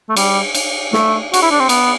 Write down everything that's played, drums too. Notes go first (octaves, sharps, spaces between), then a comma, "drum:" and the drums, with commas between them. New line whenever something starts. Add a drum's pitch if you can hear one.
A3
G3, drum: cymbal
drum: cymbal
A3, drum: snare
F#4, drum: cymbal
E4
D4
C4
B3, drum: cymbal